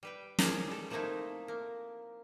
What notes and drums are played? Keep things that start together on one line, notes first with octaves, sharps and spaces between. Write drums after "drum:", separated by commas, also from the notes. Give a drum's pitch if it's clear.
G3 B4 G5
D#3 F3 F4 G4 G#4 C5, drum: snare
G3 A4
F3 A3 A#3 C4 D#4 E4
A#3